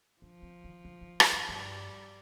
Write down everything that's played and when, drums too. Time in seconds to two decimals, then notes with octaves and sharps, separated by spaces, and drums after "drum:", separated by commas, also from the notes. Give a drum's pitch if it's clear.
0.22 F3 D4
0.42 C4
0.64 D#3
0.85 D3
1.01 D#3
1.20 drum: rim click
1.32 G2
1.48 G2 G3